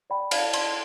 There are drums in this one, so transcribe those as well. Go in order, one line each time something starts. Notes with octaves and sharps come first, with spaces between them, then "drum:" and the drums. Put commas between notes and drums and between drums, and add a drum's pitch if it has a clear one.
D5 G5 B5
D5 F5 A5, drum: cymbal
D5 A5 C6, drum: cymbal